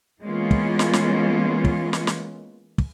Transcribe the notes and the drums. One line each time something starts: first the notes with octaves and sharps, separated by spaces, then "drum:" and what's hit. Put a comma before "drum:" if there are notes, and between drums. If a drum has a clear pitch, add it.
E3 G#3 A#3 B3 C#4 F4
drum: kick
drum: snare
drum: snare
drum: kick
drum: snare
drum: snare
drum: kick